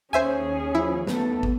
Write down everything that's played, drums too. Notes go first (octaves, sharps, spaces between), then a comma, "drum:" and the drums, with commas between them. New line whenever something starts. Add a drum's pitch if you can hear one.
D#2 C#4 G#4 C5 E5 G#5
F3 E4
A3 B3 A4, drum: snare
drum: kick